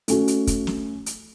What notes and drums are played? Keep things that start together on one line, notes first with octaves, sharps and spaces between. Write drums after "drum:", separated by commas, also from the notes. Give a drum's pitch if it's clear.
A3 C#4 F#4, drum: hi-hat
drum: hi-hat
drum: kick, hi-hat
drum: snare
drum: hi-hat